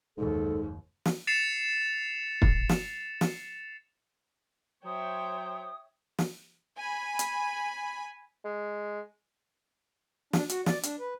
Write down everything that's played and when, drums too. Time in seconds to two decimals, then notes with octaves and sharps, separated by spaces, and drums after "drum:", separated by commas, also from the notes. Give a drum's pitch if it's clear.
0.18 F#1 D#2 G#2 A4
1.05 drum: snare
1.27 A6 C7 C#7 E7 F7
2.42 drum: kick
2.69 drum: snare
3.21 drum: snare
4.85 F#3 C5 C#5 E5 G5 D#6
6.18 drum: snare
6.77 G#5 B5
7.19 drum: hi-hat
8.45 G#3
10.33 D4, drum: snare
10.50 F#4, drum: hi-hat
10.66 D5, drum: snare
10.83 D4, drum: hi-hat
11.00 B4